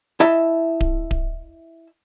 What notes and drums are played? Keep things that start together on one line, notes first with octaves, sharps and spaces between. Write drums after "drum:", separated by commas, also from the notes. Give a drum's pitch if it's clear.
E4 D#5 E5 A5
drum: kick D1
drum: kick D1